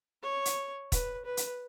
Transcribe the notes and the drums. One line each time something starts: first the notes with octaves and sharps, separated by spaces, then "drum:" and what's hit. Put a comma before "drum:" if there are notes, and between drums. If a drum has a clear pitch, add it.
C#5
drum: hi-hat
B4, drum: kick, hi-hat
B4
drum: hi-hat